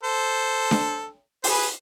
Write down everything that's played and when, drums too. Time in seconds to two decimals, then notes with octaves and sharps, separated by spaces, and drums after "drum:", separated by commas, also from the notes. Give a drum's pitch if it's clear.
0.03 A4 C5
0.71 drum: snare D4
1.44 C5, drum: open hi-hat
1.49 G#4 B4